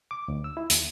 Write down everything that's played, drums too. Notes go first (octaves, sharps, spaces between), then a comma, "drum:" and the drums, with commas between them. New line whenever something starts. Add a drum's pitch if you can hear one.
D6
D2
E6
E4
D#2, drum: hi-hat